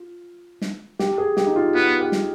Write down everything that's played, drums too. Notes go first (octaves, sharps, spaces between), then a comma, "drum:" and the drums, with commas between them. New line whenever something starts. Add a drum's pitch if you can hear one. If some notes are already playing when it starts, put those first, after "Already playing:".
Already playing: F4
drum: snare
G4, drum: snare
G#4
G4, drum: snare
D#4
F4
B3 F4
G4
drum: snare